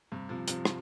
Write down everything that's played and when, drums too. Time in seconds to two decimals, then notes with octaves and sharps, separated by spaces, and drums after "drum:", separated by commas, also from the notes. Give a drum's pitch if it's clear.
0.12 G2 C3
0.29 C3 F3
0.48 C3 F3, drum: hi-hat
0.65 drum: rim click